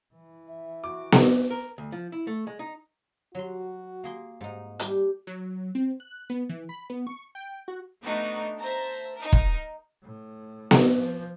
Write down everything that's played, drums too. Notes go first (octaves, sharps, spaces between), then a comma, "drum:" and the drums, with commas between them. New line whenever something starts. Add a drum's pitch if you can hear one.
E3
E5
F#4 D6
drum: snare B3
A#4
D2
F3
E4
A3
G#3
D#4
F#3 F#4 C6
A#3 G#4 C6
G#2 D#4
G3 D4 G4, drum: hi-hat
F#3
C4
F#6
B3
E3
B5
B3
C#6
G5
F#4
A3 B3 D4 D#4 F#4
C5 E5 A5 A#5
D#4 A#4
drum: kick
A2
drum: snare B3
F3